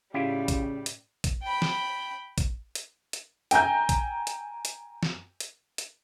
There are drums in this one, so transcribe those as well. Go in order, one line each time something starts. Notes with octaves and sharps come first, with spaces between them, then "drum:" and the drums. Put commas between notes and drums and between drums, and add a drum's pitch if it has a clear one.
A2 C#3 G3 E4 F4 G4
drum: kick, hi-hat
drum: hi-hat
drum: kick, hi-hat
G5 B5
drum: snare
drum: kick, hi-hat
drum: hi-hat
drum: hi-hat
G5 G#5 A#5 G6, drum: hi-hat
drum: kick, hi-hat
drum: hi-hat
drum: hi-hat
drum: snare
drum: hi-hat
drum: hi-hat